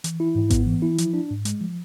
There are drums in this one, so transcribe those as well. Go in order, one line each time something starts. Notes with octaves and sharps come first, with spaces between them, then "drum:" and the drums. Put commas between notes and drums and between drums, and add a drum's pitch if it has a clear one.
E3, drum: hi-hat
E4
G#2
B3, drum: kick G#1, hi-hat
E3
E4
F3, drum: hi-hat
D4
G#2
G#3, drum: hi-hat
F3